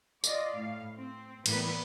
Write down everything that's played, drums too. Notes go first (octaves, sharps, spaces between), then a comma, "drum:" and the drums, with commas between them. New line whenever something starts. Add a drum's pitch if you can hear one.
F4 D5 D#5, drum: tambourine
A2 F5
C4
A2 E3 G3 A#3 B3 B4, drum: cymbal